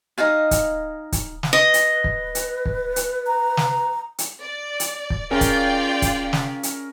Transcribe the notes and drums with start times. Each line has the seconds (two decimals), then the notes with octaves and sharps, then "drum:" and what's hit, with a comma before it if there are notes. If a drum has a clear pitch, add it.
0.18 D#4 D#5 F5 G#5
0.51 drum: kick, hi-hat
1.12 drum: kick, hi-hat
1.43 drum: snare
1.53 B4 D#5
1.74 drum: hi-hat
2.04 drum: kick
2.35 drum: hi-hat
2.65 drum: kick
2.96 drum: hi-hat
3.27 A#5
3.57 drum: snare
4.18 drum: hi-hat
4.41 D5
4.80 drum: hi-hat
5.10 drum: kick
5.31 C#4 F4 G#4 A#4 D5 G5
5.41 drum: kick, hi-hat
6.02 drum: kick, hi-hat
6.33 drum: snare
6.63 drum: hi-hat